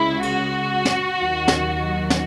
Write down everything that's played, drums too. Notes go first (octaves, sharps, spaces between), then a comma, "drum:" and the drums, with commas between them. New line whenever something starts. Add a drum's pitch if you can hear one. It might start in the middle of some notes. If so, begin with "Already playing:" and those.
Already playing: C#2 C#3 G#3 E4
F#4, drum: cymbal
drum: snare
D#2 D#3 F#3
drum: snare
drum: snare